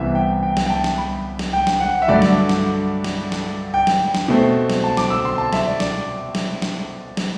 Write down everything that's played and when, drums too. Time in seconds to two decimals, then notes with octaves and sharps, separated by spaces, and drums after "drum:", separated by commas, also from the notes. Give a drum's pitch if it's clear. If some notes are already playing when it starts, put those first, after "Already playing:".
Already playing: C2 C3 E3 B3 E5
0.15 G5
0.43 G5
0.57 drum: snare
0.66 G5
0.70 A5
0.84 drum: snare
0.98 B5
1.39 drum: snare
1.53 G5
1.67 drum: snare
1.80 F#5
2.02 E5
2.08 G2 D3 F#3 A3 D5
2.22 drum: snare
2.49 drum: snare
3.04 drum: snare
3.32 drum: snare
3.74 G5
3.87 drum: snare
4.15 drum: snare
4.28 B2 A3 C4
4.70 drum: snare
4.84 A5
4.97 D6, drum: snare
5.10 E6
5.25 C6
5.38 A5
5.53 E5, drum: snare
5.66 D5
5.80 D5, drum: snare
6.35 drum: snare
6.62 drum: snare
7.17 drum: snare